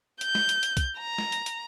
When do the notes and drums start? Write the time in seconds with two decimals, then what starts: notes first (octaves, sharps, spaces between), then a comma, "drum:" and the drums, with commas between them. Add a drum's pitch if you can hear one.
0.21 G6, drum: hi-hat
0.35 drum: snare
0.49 drum: hi-hat
0.63 drum: hi-hat
0.77 drum: kick C2, hi-hat
0.98 A#5
1.18 drum: snare
1.32 drum: hi-hat
1.46 drum: hi-hat